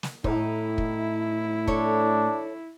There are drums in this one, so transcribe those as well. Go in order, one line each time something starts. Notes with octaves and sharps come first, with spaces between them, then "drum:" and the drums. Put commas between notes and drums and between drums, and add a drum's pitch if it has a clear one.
drum: snare
A2 D#4 E4, drum: kick
drum: kick
D4 A4 C#5, drum: kick